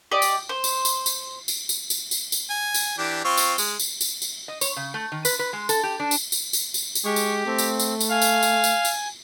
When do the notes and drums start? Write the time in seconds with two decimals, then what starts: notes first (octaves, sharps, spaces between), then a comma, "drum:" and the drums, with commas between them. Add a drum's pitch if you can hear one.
0.11 G4 D5 D#5 G5
0.22 drum: tambourine
0.49 C5
0.64 drum: tambourine
0.85 drum: tambourine
1.06 drum: tambourine
1.48 drum: tambourine
1.69 drum: tambourine
1.90 drum: tambourine
2.11 drum: tambourine
2.32 drum: tambourine
2.50 G#5
2.74 drum: tambourine
2.98 E3 D4 G4
3.25 C4 F4 C#6
3.37 drum: tambourine
3.58 G#3, drum: tambourine
3.80 drum: tambourine
4.01 drum: tambourine
4.22 drum: tambourine
4.48 D#5
4.61 C#5, drum: tambourine
4.76 C#3
4.94 A3
5.12 D#3
5.25 B4, drum: tambourine
5.39 B4
5.53 G#3
5.69 A4, drum: tambourine
5.83 G4
6.00 D4
6.11 drum: tambourine
6.32 drum: tambourine
6.53 drum: tambourine
6.74 drum: tambourine
6.95 drum: tambourine
7.05 G#3 G4 C#6
7.16 drum: tambourine
7.46 A3 C4
7.58 drum: tambourine
7.79 drum: tambourine
8.01 drum: tambourine
8.11 F5 G#5
8.22 drum: tambourine
8.43 drum: tambourine
8.64 drum: tambourine
8.85 drum: tambourine